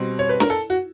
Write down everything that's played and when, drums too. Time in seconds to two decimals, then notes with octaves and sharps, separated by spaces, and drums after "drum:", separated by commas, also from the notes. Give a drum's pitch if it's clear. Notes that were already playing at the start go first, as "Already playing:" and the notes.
Already playing: B2 G3 C4
0.19 C#5
0.29 B4
0.40 A#4, drum: snare
0.50 A4
0.70 F#4